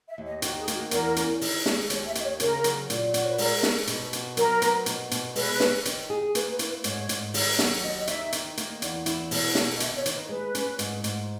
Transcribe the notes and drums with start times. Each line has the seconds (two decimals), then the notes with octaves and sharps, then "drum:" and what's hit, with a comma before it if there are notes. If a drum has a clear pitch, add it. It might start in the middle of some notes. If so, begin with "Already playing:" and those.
0.09 E5
0.18 D#2
0.26 D#5
0.42 D#3 F#4, drum: hi-hat
0.59 G#4
0.68 A#3, drum: hi-hat
0.75 F#4
0.91 E2 A#4, drum: hi-hat
1.16 C#4, drum: hi-hat
1.41 D#3, drum: open hi-hat
1.66 G#3, drum: snare
1.90 D#2 C#5, drum: hi-hat
2.07 E5
2.15 A#3 D#5, drum: hi-hat
2.24 C#5
2.40 C#3 A#4, drum: hi-hat
2.64 F#3, drum: hi-hat
2.90 A#2, drum: hi-hat
3.14 F#4, drum: hi-hat
3.24 C#5
3.31 B4
3.38 G#3 A#4, drum: open hi-hat
3.63 D#4, drum: snare
3.87 B2, drum: hi-hat
4.13 F#4, drum: hi-hat
4.37 F#3 A#4, drum: hi-hat
4.62 B3, drum: hi-hat
4.86 B2, drum: hi-hat
5.11 B2, drum: hi-hat
5.35 G#3 B4, drum: open hi-hat
5.60 C#4, drum: snare
5.85 D#3, drum: hi-hat
6.10 G#4
6.35 A#3 B4, drum: hi-hat
6.52 B4
6.59 E4, drum: hi-hat
6.67 B4
6.84 G#2 C#5, drum: hi-hat
7.09 G#2, drum: hi-hat
7.34 D#3, drum: open hi-hat
7.59 F#3, drum: snare
7.83 D#2 D#5
8.00 D#5
8.07 D#4 E5, drum: hi-hat
8.32 D#3, drum: hi-hat
8.57 A#3, drum: hi-hat
8.82 E2, drum: hi-hat
9.06 E4, drum: hi-hat
9.31 B2, drum: open hi-hat
9.55 A#3, drum: snare
9.74 D#5
9.80 D#3 E5, drum: hi-hat
9.97 C#5
10.06 D#3, drum: hi-hat
10.13 B4
10.29 G#3 B4
10.55 C#4, drum: hi-hat
10.79 G#2, drum: hi-hat
11.04 G#2, drum: hi-hat